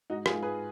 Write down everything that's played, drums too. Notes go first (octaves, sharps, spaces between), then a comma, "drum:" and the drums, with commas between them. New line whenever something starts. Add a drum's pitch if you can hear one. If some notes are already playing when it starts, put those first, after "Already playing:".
G#2 D#4 F#4
F4 G#4, drum: rim click
G#2
G#4 B4